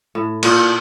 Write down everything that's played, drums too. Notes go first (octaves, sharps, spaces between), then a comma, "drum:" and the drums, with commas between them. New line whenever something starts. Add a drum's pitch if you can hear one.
A2
A#2, drum: cymbal